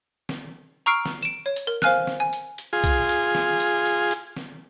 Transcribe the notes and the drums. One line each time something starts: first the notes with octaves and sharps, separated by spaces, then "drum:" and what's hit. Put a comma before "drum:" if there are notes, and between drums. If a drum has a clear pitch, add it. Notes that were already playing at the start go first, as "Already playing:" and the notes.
drum: snare
A#5 C#6 E6 F6 C7 D7
drum: snare
D7 E7
C#5
drum: hi-hat
A#4
C5 F5 G#5 F6 F#6, drum: snare
drum: snare
G#5
drum: hi-hat
drum: hi-hat
F4 G#4
drum: kick B1, hi-hat
drum: hi-hat
drum: snare
drum: hi-hat
drum: hi-hat
drum: hi-hat
drum: snare